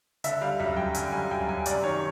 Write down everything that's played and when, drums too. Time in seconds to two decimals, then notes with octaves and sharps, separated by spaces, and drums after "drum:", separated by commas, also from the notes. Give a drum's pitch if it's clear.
0.24 D3 E5, drum: hi-hat
0.41 G3 F5
0.60 F#2 E5
0.77 F#2 G5
0.95 D3 G#5, drum: hi-hat
1.12 G3 G#5
1.31 F#2 G5
1.48 F#2 G#5
1.66 C3 D5, drum: hi-hat
1.84 D#3 C#5